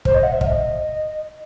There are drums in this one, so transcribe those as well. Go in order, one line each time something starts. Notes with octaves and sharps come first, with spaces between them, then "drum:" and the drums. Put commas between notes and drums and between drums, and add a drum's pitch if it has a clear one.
C5, drum: kick
D#5
F#5
E5
D#5, drum: kick